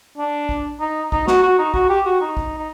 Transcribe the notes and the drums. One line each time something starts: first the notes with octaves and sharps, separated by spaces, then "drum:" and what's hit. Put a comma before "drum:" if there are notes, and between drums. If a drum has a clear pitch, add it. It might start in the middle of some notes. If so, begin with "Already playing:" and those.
D4
drum: kick A#1
D#4
D#4, drum: kick A#1
F#4, drum: snare
F#4
D#4
F#4, drum: kick A#1
G4
F#4
D#4
drum: kick A#1
D#4